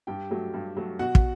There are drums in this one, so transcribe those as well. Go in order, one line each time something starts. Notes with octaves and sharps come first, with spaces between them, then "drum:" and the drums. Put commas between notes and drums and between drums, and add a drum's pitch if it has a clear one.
G2 G4 G5
F#3 A3
G2
F#3 A3
B2 F#4 F#5
drum: kick